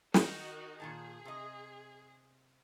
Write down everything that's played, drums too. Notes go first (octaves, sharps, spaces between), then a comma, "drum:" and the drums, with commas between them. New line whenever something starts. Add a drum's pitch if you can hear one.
D#3 D#4 F#4, drum: snare
A#2 D#3 G#4 A5
C3 D#5